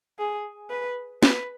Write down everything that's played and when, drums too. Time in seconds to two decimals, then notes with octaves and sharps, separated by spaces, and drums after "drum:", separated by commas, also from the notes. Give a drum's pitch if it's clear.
0.19 G#4
0.70 B4
1.23 B4, drum: snare